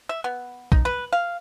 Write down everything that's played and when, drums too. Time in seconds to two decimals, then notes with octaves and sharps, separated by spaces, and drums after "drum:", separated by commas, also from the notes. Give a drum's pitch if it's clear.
0.09 E5
0.24 B3
0.72 D#4, drum: kick B1
0.85 B4
1.13 F5